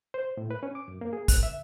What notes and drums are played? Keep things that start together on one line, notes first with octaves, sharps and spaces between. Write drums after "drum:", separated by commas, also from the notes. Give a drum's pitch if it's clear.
C5
A2
B4
C#4
D6
F#2
A#3
G#4
F#6, drum: kick, hi-hat
E5